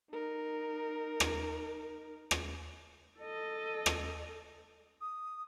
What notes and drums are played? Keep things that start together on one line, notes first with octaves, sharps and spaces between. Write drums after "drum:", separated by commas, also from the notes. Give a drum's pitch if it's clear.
D#4 A#4
drum: rim click
drum: rim click
A4 D#5
drum: rim click
D#6